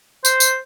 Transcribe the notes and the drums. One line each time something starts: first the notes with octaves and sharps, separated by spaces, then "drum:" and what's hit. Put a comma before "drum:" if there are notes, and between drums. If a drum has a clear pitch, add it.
C5, drum: tambourine
drum: tambourine